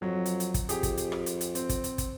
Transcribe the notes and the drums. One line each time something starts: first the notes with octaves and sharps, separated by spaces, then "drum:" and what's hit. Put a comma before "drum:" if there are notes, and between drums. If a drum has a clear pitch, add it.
F2 F#3
drum: hi-hat
drum: hi-hat
drum: kick, hi-hat
F2 G4 G#4, drum: hi-hat
drum: kick, hi-hat
drum: hi-hat
drum: rim click
drum: hi-hat
drum: hi-hat
C4, drum: hi-hat
drum: kick, hi-hat
drum: hi-hat
drum: kick, hi-hat